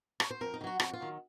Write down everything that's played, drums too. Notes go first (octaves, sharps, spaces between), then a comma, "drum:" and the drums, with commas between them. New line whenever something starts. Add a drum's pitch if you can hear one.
C#5, drum: rim click
C5
F2 A#4
D#4
D#3
F#3 F#4
F2 F#4, drum: rim click
F4
D#3 F#3